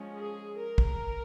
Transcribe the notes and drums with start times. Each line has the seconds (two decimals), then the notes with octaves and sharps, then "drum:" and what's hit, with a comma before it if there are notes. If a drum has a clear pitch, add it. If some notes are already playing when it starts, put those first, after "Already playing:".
Already playing: F3 G#3 C#4
0.15 G#4
0.57 A#4
0.78 drum: kick